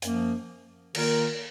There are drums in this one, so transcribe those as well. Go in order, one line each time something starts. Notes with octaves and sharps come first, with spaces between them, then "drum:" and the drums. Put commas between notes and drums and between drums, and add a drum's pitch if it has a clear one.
F#2 F3 A#3, drum: hi-hat
D#3 A#3 F4 A#4, drum: cymbal